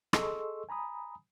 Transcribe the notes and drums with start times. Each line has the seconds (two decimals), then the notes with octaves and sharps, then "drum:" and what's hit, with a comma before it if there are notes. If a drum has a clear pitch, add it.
0.13 G#4 A4 D#5 C6 C#6 E6, drum: rim click
0.69 G#5 A#5 B5 D#6